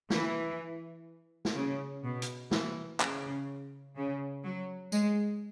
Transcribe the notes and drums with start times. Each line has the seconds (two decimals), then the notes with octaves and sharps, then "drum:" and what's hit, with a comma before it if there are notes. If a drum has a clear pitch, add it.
0.10 E3, drum: snare
1.45 drum: snare
1.55 C#3
2.04 B2
2.22 drum: hi-hat
2.51 E3, drum: snare
3.00 C#3, drum: clap
3.96 C#3
4.44 F#3
4.92 G#3, drum: tambourine